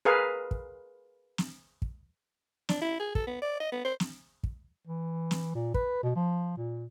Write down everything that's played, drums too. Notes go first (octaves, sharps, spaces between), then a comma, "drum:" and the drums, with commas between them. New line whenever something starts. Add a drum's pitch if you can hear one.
G#4 A#4 B4 F5
drum: kick
drum: snare
drum: kick
D4, drum: snare
E4
G#4
A4, drum: kick
B3
D5
D#5
B3
C5
drum: snare
drum: kick
E3
drum: snare
A#2
B4, drum: kick
B2
F3
A#2